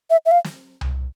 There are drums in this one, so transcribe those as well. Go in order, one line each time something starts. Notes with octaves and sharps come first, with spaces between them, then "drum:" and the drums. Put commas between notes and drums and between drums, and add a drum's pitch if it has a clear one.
E5
E5
F5
drum: snare
drum: tom C2